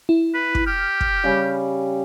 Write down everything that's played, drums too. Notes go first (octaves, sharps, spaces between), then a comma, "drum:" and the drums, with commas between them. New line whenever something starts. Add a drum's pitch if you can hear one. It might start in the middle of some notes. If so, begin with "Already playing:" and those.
E4
B4
drum: kick
G4 F6
drum: kick
C#3 G3